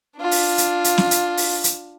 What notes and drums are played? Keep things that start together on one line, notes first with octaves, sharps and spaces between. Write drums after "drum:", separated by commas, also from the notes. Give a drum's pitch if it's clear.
D4 F4
drum: open hi-hat
drum: hi-hat
drum: hi-hat
drum: snare
drum: hi-hat
drum: open hi-hat
drum: hi-hat